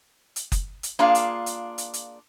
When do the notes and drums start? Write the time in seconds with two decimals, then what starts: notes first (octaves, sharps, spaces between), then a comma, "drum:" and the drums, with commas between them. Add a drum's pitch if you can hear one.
0.36 drum: hi-hat
0.52 drum: kick F#1, hi-hat
0.83 drum: hi-hat
0.99 A#3 D4 F4 G#4 F5
1.15 drum: hi-hat
1.46 drum: hi-hat
1.78 drum: hi-hat
1.94 drum: hi-hat